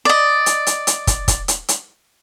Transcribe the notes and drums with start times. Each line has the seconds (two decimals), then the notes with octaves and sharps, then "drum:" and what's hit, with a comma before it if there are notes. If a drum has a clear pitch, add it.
0.05 D5 D#5
0.46 drum: hi-hat
0.67 drum: hi-hat
0.87 drum: hi-hat
1.07 drum: kick, hi-hat
1.28 drum: kick, hi-hat
1.48 drum: hi-hat
1.68 drum: hi-hat